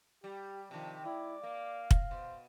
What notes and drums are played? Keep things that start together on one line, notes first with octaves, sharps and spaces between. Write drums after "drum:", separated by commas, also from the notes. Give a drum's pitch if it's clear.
G3 G4
C3 D#3 F3 D4
G#3 E4 D5
A#3 F5
drum: kick
B2 C5